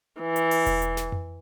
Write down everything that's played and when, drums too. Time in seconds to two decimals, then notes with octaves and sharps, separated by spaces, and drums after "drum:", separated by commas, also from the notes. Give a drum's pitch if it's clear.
0.21 E3
0.36 drum: hi-hat
0.51 drum: open hi-hat
0.66 drum: kick E1, hi-hat
0.82 drum: hi-hat
0.97 drum: snare
1.12 drum: tom F2